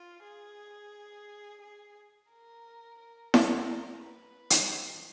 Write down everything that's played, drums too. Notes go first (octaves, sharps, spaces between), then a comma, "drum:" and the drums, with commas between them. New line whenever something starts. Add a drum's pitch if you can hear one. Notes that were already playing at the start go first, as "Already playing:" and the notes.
Already playing: F4
G#4
G#4
A#4
A#4
A4, drum: snare E4
A#4
B4
drum: hi-hat